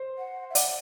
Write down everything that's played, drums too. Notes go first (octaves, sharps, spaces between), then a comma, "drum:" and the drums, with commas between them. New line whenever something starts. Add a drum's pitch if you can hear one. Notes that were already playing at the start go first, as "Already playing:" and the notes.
Already playing: C5
F#5
E5
D5 F#5, drum: hi-hat